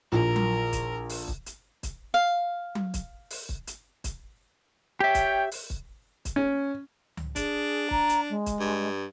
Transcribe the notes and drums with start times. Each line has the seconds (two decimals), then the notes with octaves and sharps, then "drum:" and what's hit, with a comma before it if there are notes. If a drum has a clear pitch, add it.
0.12 A#1 E4 F4 A#4
0.36 drum: tom F#3
0.73 drum: kick, hi-hat
1.09 drum: open hi-hat
1.28 drum: kick
1.46 drum: hi-hat
1.83 drum: kick, hi-hat
2.14 F5
2.75 drum: tom F#3
2.94 drum: kick, hi-hat
3.30 drum: open hi-hat
3.49 drum: kick
3.67 drum: hi-hat
4.04 drum: kick, hi-hat
5.00 G4 C#5 E5 G5
5.15 drum: kick, hi-hat
5.52 drum: open hi-hat
5.70 drum: kick
6.25 drum: kick, hi-hat
6.36 C#4
7.17 drum: tom C#2
7.36 D4 G#4, drum: kick, hi-hat
7.91 A#5, drum: kick
8.09 drum: hi-hat
8.30 G#3
8.46 drum: kick, hi-hat
8.60 G2